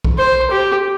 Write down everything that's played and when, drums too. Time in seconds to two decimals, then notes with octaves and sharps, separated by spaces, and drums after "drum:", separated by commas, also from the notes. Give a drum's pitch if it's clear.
0.05 drum: kick
0.18 C5
0.50 G4